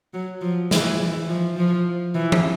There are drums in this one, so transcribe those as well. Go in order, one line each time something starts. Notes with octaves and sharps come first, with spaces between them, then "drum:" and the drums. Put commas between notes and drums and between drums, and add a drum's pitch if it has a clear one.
F#3
F3
E3, drum: snare
E3
F3
F3
E3
drum: tom E3